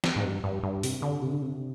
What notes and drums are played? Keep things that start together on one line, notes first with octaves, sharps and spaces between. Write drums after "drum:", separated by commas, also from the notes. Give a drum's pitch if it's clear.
drum: snare
G#2
G2
G2
G2
C3, drum: open hi-hat
D3
C3
D3
C3